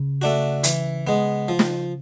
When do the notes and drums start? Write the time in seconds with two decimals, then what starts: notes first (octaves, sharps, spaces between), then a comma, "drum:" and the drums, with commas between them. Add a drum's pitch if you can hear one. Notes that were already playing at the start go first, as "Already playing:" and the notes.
Already playing: C#3
0.22 A3 D4 F#4
0.64 E3, drum: hi-hat
1.07 G#3 B3
1.48 F3
1.59 drum: snare